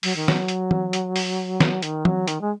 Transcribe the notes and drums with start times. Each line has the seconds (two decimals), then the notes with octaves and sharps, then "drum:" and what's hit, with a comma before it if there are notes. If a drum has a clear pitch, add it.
0.03 F#3, drum: open hi-hat
0.16 D#3
0.28 F#3, drum: snare
0.48 drum: hi-hat
0.71 drum: tom E3
0.93 drum: hi-hat
1.16 drum: open hi-hat
1.60 drum: snare
1.82 D#3, drum: hi-hat
2.05 F#3, drum: tom E3
2.28 D#3, drum: hi-hat
2.41 G#3